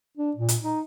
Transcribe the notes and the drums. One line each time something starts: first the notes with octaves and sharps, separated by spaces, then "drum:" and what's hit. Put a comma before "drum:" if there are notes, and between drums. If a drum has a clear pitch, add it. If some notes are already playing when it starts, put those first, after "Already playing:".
D4
A#2
drum: hi-hat
D#4